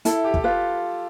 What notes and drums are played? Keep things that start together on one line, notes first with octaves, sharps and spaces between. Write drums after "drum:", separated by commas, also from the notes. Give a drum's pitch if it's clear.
E4 A4, drum: hi-hat
G4
drum: kick
F4 B4